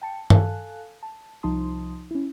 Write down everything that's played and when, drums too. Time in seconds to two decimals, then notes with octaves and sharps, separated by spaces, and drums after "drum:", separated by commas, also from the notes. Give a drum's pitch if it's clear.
0.02 G5 A5 C#7
0.30 A4 F5 G#5 A5 F#6, drum: tom G2
1.03 A5
1.43 C2 F3 D#4 A5 C6 D#6
2.11 C#4 E4